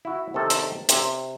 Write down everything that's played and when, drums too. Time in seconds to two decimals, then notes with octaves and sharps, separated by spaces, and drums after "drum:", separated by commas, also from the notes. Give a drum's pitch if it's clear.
0.05 E4 F#4
0.34 C3 D#3 A4
0.50 drum: hi-hat
0.89 C3, drum: hi-hat